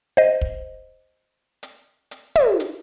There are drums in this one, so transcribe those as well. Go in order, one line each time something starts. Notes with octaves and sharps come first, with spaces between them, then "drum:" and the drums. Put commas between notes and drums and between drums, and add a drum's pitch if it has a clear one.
C5 D#5
drum: kick
drum: hi-hat
drum: hi-hat
drum: tom
drum: hi-hat